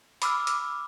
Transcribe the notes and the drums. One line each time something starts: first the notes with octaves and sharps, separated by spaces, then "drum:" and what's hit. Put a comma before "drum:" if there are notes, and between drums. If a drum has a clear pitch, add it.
B5 D6 E6 F6, drum: hi-hat
drum: hi-hat